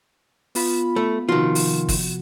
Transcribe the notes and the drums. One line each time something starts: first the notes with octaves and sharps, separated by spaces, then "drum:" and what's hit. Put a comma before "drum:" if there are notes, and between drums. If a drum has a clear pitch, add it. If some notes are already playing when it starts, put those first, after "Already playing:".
B3 F4 B5, drum: open hi-hat
A3
C3 D#3 F3 F4 F#4
drum: open hi-hat
drum: kick G1, open hi-hat